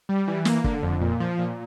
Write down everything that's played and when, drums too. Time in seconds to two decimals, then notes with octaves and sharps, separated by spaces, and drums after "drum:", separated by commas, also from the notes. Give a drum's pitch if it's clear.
0.09 G3
0.28 E3
0.45 A#3, drum: snare
0.64 D3, drum: kick
0.83 F2
1.01 A#2
1.20 F3
1.39 A#2